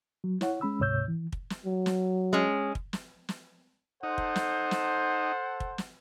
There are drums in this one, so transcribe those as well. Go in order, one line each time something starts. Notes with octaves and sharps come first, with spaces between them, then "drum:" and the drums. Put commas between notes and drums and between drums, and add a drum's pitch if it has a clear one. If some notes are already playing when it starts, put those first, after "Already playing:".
F#3
E4 C#5 F#5, drum: snare
G#3 C#4 B5 E6
D2 G#2 C3 C#5 E6 G6
E3
drum: kick
drum: snare
F#3
drum: snare
G#3 C#4
drum: kick
drum: snare
drum: snare
D#4 A4 C5 F#5
drum: kick
drum: snare
drum: snare
drum: kick
drum: snare